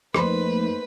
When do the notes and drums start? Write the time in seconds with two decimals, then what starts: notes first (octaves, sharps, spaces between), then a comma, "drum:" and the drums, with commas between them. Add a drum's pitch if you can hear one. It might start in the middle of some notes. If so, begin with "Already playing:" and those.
0.14 F2 A3 A#3 D#4 B4 C5 B5, drum: rim click